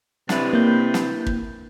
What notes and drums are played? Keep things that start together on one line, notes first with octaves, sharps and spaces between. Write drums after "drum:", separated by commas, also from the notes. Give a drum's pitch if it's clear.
C3 D4 E4 B4, drum: snare
A#3 G6
drum: snare
drum: kick